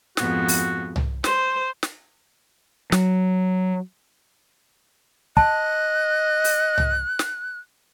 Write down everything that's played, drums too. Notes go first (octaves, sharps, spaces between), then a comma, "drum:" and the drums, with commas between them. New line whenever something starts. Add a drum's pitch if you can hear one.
F2 G#2 B3 F#4, drum: snare
drum: open hi-hat
drum: tom C2
C5, drum: snare
drum: snare
F#3, drum: snare
D#5 A5 F#6, drum: kick
drum: open hi-hat
drum: tom C2
drum: snare